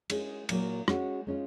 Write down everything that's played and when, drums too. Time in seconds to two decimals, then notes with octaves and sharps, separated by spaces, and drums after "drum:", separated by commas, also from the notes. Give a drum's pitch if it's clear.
0.10 G#3 C#4 G#4, drum: cymbal
0.49 A#2 F#3 A#3, drum: cymbal
0.88 G#3 C#4 F#4, drum: rim click
1.27 G#3 C#4 F4